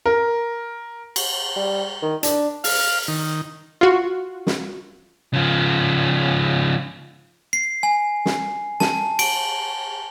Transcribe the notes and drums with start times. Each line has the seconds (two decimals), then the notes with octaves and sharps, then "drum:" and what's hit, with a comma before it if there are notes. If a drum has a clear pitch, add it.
0.06 A#4
1.16 drum: cymbal
1.56 G3
2.02 D#3
2.23 D4, drum: hi-hat
2.64 F5, drum: open hi-hat
3.08 D#3
3.81 F4 F#4
4.47 drum: snare
5.33 C#3 F3
7.53 C7
7.83 G#5
8.26 drum: snare
8.80 A5, drum: snare
9.19 D7, drum: cymbal